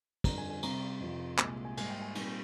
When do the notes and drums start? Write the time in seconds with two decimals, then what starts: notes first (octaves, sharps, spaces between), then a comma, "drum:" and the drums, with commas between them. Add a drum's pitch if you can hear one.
0.24 F2 D3 G3 A#5, drum: kick, cymbal
0.38 G#5
0.50 G#5
0.62 C3 G3 C4 A#5, drum: cymbal
1.00 F2 C3 F3
1.38 C2 A#2 G#3 G#5, drum: clap
1.65 G#5
1.77 G#2 G3 A#3 G#5, drum: cymbal
1.90 G5
2.02 G#5
2.15 A#2 G3 C4 D#4 G#5, drum: cymbal